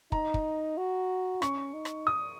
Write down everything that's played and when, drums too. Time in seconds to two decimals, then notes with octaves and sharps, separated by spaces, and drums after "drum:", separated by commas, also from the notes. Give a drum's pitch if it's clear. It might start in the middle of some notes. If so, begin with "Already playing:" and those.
0.12 D#4 A#5, drum: kick
0.34 drum: kick
0.78 F#4
1.42 C#4 C#6, drum: rim click
1.74 D#4
1.85 drum: rim click
2.07 D#6